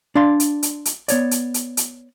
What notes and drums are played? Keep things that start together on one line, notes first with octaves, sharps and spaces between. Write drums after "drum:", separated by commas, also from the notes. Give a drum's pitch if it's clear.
D4 D5 F5 C6
drum: hi-hat
drum: hi-hat
drum: hi-hat
B3 C#5 D5, drum: hi-hat
drum: hi-hat
drum: hi-hat
drum: hi-hat